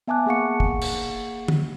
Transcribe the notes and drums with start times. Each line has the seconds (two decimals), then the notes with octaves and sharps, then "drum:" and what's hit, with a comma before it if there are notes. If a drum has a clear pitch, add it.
0.07 B3 E5 G#5 A5 D6 F#6
0.26 A#3 G#4 F5 F#5 C#6 C#7
0.60 drum: kick
0.81 drum: cymbal
1.48 drum: tom D3